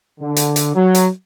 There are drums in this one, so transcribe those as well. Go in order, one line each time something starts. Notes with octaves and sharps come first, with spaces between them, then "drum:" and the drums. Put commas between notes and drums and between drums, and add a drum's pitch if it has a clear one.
D3
drum: hi-hat
drum: hi-hat
F#3
drum: hi-hat